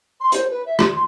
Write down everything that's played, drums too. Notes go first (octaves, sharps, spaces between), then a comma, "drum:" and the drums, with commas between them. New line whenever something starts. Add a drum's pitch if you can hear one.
C6
C5, drum: hi-hat
B4
E5
G4, drum: rim click
C6